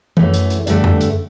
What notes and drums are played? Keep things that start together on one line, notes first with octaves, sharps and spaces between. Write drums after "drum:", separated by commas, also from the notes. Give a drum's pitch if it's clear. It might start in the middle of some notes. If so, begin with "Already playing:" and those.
F#2 E3 A3, drum: tom E3
drum: hi-hat
drum: hi-hat
G2 D3 A3 D4, drum: hi-hat
drum: tom F2
drum: hi-hat